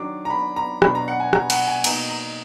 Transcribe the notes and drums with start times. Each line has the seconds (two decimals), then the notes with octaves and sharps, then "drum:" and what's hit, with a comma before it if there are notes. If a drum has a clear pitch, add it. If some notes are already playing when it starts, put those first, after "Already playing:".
Already playing: D#3 F#3 D4 D6
0.25 A#5
0.30 B5
0.56 A#5
0.82 B2 F#3 D4 B5, drum: rim click
0.95 A#5
1.08 F#5
1.20 G#5
1.33 A#5, drum: rim click
1.50 F#5, drum: cymbal
1.67 G#5
1.84 B2 A#3 D#4 A#5, drum: cymbal
2.09 A#5